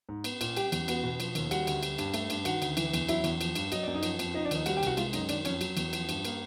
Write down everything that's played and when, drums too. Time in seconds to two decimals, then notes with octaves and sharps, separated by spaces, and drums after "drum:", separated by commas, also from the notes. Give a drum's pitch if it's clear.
0.09 G#2
0.24 B3, drum: cymbal
0.41 A#2, drum: cymbal
0.57 G3 G4 G5, drum: cymbal
0.72 E2, drum: cymbal
0.88 B3 F#4 F#5, drum: cymbal
1.04 B2
1.20 F3, drum: cymbal
1.35 D#2, drum: cymbal
1.51 G3 F#4 F#5, drum: cymbal
1.67 D2, drum: cymbal
1.83 G3, drum: cymbal
1.98 G2, drum: cymbal
2.14 A3, drum: cymbal
2.30 G2, drum: cymbal
2.45 D#3 F#4 F#5, drum: cymbal
2.62 D2, drum: cymbal
2.77 E3, drum: cymbal
2.94 E2, drum: cymbal
3.09 F#3 E4 E5, drum: cymbal
3.24 E2, drum: cymbal
3.41 F3, drum: cymbal
3.55 G2, drum: cymbal
3.72 F#3 D#5, drum: cymbal
3.83 F#2 D5
3.95 D#4 D#5
4.03 F3, drum: cymbal
4.19 F2, drum: cymbal
4.34 F3 D#4 D#5
4.45 D4 D5
4.51 D#2 D#4 D#5, drum: cymbal
4.66 G3 F#4 F#5, drum: cymbal
4.77 G4 G5
4.83 C2 F#4 F#5, drum: cymbal
4.97 G#3 F4 F5, drum: cymbal
5.13 F#2 D#4 D#5, drum: cymbal
5.29 D#3 D4 D5, drum: cymbal
5.45 F2 C#4 C#5, drum: cymbal
5.61 F#3, drum: cymbal
5.77 E2, drum: cymbal
5.93 F3, drum: cymbal
6.09 G2, drum: cymbal
6.25 A#3, drum: cymbal